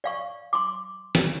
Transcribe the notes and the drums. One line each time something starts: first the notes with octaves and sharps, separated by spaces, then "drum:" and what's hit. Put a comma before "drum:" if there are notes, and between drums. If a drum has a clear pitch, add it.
D5 F5 C#6
C6 D6
drum: snare